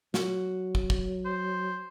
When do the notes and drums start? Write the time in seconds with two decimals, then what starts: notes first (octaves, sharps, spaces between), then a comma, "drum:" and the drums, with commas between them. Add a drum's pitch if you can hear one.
0.14 F#3 F#4, drum: snare
0.75 drum: kick
0.90 drum: kick
1.25 C5